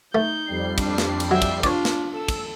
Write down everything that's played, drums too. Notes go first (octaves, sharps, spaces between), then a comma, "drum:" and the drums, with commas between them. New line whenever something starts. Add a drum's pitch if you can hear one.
A3 D#4 G6
F2 G3 C7
D4, drum: kick, cymbal
drum: snare
drum: cymbal
F#3 E5 G5
drum: kick, cymbal
D4 F4 C#5 D5, drum: kick, cymbal
drum: snare
A4 E6
drum: kick, cymbal